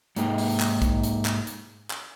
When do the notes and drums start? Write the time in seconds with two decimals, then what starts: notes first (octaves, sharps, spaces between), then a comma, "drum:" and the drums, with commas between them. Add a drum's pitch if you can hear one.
0.16 G#2 A#3 D#4 G#4 G5, drum: hi-hat
0.38 drum: open hi-hat
0.60 drum: clap
0.82 drum: kick, hi-hat
1.03 drum: hi-hat
1.25 drum: clap
1.47 drum: hi-hat
1.91 drum: clap